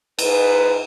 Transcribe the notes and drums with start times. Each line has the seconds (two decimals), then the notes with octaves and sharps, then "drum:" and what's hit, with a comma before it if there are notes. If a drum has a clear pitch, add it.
0.19 G#2 B4, drum: cymbal